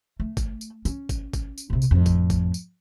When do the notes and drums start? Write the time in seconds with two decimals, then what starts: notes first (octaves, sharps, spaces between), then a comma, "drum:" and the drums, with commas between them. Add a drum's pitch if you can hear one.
0.20 A3
0.37 drum: kick, tambourine
0.61 drum: tambourine
0.85 C#4, drum: tambourine
1.09 drum: kick, tambourine
1.33 drum: kick, tambourine
1.58 drum: tambourine
1.70 A#1 C3
1.82 drum: tambourine
1.91 F2 A2
2.06 drum: kick, tambourine
2.30 drum: kick, tambourine
2.54 drum: tambourine